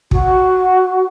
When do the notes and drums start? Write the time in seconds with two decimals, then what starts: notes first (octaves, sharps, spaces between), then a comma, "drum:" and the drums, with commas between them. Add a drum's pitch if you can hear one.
0.11 F#4, drum: kick